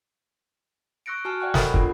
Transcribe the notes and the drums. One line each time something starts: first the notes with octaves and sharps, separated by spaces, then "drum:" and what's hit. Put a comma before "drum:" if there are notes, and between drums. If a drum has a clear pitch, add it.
C#6 E6 F#6 A#6 C#7 D7
F#4 G#5 A5 F6
D5 E5 F#5 G5 C#6 F#6
A4 A#4 C5 D#5 F#5 B5, drum: snare
B3 D4 F4 G4, drum: kick